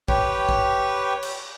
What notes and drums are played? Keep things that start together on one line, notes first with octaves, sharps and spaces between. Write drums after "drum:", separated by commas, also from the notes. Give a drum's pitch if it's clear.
G4 B4 C#5 G5, drum: kick A#1
drum: kick A#1
drum: cymbal